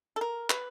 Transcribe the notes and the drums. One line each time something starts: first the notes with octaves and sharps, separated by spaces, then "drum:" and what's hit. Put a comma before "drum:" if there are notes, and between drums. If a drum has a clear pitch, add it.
A4
A#4
B4, drum: clap